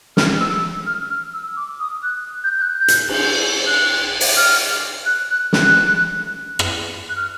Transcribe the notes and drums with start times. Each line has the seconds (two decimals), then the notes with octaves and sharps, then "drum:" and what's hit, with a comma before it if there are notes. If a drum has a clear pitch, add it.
0.17 F6, drum: snare
0.40 E6
0.87 F6
1.10 F6
1.34 E6
1.57 D6
1.80 D#6
2.03 F#6
2.44 G6
2.55 G6
2.62 F#6
2.79 G6
2.88 drum: hi-hat
3.09 drum: cymbal
3.67 F#6
4.21 drum: open hi-hat
4.37 F6
5.06 F#6
5.30 F#6
5.53 F#6, drum: snare
6.59 drum: rim click
7.09 F#6
7.16 F6